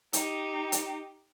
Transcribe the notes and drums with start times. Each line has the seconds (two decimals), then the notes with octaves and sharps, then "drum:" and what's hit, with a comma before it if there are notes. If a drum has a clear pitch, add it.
0.13 D#4 G4, drum: hi-hat
0.72 drum: hi-hat